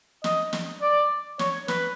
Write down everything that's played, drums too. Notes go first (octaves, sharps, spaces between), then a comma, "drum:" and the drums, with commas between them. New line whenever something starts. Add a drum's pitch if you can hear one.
D#5, drum: snare
drum: snare
D5
C#5, drum: snare
B4, drum: snare